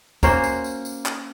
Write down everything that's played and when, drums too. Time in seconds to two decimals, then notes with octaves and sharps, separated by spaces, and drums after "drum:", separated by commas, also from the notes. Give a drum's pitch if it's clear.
0.23 A#3 C#4 F#4 C5, drum: kick, tambourine
0.44 drum: tambourine
0.64 drum: tambourine
0.85 drum: tambourine
1.06 drum: clap